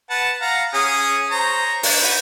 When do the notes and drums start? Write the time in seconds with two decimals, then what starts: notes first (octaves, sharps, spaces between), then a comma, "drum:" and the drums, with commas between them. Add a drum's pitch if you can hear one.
0.10 B4 F#5 A5
0.41 F5 F#5 A#5
0.74 C#4 G#4 D#6
1.31 C5 C#5 A#5
1.83 D4, drum: open hi-hat
2.01 D#4 F#4 B4